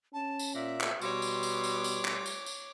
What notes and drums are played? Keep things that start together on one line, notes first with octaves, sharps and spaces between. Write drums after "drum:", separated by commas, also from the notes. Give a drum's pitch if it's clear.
C#4 A5
drum: tambourine
A#2 E5
drum: clap
B2 G3 C#5 C6 D6, drum: tambourine
drum: tambourine
drum: tambourine
drum: tambourine
drum: tambourine
drum: clap
drum: tambourine
drum: tambourine